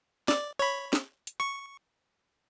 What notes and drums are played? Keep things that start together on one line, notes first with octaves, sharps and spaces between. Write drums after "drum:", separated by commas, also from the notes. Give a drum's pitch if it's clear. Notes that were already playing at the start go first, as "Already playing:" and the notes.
D5, drum: snare
C#5 B5
drum: snare
drum: hi-hat
C#6